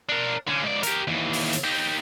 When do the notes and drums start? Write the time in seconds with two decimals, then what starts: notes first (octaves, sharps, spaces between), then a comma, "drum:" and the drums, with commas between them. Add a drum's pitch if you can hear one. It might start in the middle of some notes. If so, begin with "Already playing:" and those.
0.09 D4 A#4
0.48 D3 C#4
0.63 G#2 D5
0.83 G4 A#4, drum: hi-hat
1.07 D#2 E3
1.33 drum: open hi-hat
1.53 drum: hi-hat
1.64 D#4 G4